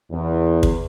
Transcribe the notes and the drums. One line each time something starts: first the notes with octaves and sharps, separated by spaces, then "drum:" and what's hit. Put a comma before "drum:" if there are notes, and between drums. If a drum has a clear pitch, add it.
E2
drum: kick